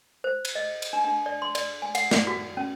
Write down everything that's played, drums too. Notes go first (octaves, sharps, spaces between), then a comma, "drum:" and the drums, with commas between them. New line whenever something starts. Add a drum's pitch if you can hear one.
C5
drum: cymbal
D#5
drum: cymbal
D4
D4
D5
C6
D5, drum: cymbal
G#5
F#5, drum: cymbal
D5, drum: snare
F#4
C#4